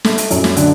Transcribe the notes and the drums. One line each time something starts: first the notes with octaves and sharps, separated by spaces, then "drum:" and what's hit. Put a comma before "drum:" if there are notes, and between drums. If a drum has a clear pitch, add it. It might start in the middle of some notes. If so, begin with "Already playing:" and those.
A3, drum: snare
drum: hi-hat
F#2, drum: hi-hat
drum: snare
D3, drum: hi-hat